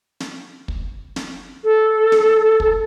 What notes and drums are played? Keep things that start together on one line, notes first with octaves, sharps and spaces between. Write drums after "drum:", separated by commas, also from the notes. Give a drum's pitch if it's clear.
drum: snare
drum: kick
drum: snare
A4
drum: snare
drum: kick